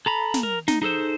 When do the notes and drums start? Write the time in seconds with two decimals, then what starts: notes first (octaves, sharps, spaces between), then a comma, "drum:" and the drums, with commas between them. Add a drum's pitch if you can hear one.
0.06 A4 A#5 B5
0.34 drum: snare
0.43 A#4
0.68 D#4, drum: snare
0.82 D#4 G#4 A4 C5